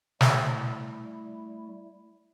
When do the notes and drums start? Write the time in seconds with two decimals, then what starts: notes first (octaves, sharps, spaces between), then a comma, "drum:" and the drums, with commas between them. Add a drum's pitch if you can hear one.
0.21 G3 A3 E4, drum: snare